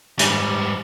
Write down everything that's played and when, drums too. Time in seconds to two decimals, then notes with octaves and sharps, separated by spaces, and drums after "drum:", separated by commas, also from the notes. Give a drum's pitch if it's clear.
0.19 G#2 G3, drum: hi-hat